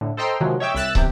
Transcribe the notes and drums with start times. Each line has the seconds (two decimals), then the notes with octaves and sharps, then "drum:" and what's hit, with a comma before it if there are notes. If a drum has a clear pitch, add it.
0.01 A2 D3
0.17 A4 C5 D#5 G5 A#5 C6
0.40 C3 D#3 F3 F#3 G#3
0.60 C#5 D#5 E5 G5 D6 E6
0.75 C2 E5 E6 F#6 A6 E7
0.95 E2 C3 G4, drum: kick